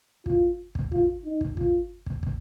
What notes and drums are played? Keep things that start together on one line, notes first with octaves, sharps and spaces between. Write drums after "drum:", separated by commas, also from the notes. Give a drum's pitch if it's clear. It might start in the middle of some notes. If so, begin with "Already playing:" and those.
F4, drum: kick
drum: kick
F4, drum: kick
D#4
drum: kick
F4, drum: kick
drum: kick
drum: kick